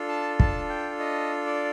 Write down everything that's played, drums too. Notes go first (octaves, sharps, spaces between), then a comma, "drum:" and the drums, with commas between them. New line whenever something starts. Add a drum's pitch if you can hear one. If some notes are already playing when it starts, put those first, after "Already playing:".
Already playing: D4 F4 A4
A5
A5, drum: kick
G5
D#5
D5